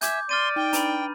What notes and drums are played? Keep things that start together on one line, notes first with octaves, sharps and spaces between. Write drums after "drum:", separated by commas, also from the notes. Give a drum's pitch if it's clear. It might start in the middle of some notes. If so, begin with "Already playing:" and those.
E5 G#5 D6 G6, drum: hi-hat
D5 C6 F6 A6 D#7
D#4 G5
D4 B4 A#5 B5, drum: hi-hat